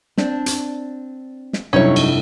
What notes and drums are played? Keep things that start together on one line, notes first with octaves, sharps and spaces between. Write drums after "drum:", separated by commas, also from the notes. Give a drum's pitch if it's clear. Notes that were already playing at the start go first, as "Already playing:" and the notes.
C4 D4, drum: snare
drum: hi-hat
drum: snare
F1 G2 F#3 C#4 D#4 E4 C#5
drum: cymbal